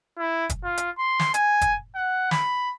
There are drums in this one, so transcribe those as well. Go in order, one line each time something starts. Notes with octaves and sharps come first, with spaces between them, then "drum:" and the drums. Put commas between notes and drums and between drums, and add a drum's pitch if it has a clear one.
E4
drum: kick, hi-hat
F4
drum: hi-hat
C6
drum: snare
G#5, drum: hi-hat
drum: kick, hi-hat
F#5
B5, drum: snare